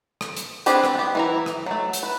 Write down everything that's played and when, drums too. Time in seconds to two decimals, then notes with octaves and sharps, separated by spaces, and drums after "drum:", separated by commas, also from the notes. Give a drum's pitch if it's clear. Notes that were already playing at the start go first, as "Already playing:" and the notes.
0.21 drum: rim click
0.37 drum: hi-hat
0.66 C4 D4 G4 G#4 B4, drum: hi-hat
0.84 drum: rim click
0.95 B3 G4
1.15 E3 E4 A#5
1.46 drum: rim click
1.66 F#3 A3
1.93 drum: hi-hat
2.03 B4